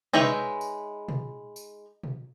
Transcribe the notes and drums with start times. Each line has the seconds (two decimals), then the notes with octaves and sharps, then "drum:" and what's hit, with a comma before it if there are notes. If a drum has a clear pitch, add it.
0.13 G#3 D#4 B4 C#5 E5, drum: tom
0.61 drum: tambourine
1.08 drum: tom
1.56 drum: tambourine
2.04 drum: tom